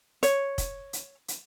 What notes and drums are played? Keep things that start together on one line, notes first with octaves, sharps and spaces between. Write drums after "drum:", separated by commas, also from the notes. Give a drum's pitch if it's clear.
C#5, drum: hi-hat
drum: kick, hi-hat
drum: hi-hat
drum: hi-hat